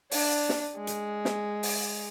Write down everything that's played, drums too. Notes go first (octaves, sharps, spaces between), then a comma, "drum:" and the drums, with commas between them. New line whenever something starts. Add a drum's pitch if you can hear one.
D4, drum: open hi-hat
drum: snare
G#3
drum: hi-hat
drum: snare
drum: open hi-hat